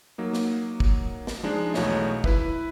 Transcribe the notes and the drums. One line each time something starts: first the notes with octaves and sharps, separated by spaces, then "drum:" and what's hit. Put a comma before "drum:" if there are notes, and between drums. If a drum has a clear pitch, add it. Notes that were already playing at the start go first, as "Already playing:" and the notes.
F#3 A#3 D#4
drum: snare
drum: kick
drum: snare
F3 G#3 D4 D#4
B1 E2 A3 F#4 C#5 D#5, drum: snare
E4 B4 E5, drum: kick